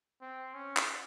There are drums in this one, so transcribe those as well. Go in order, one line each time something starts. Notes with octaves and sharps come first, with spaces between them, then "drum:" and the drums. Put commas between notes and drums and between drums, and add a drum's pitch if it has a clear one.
C4
C#4
drum: clap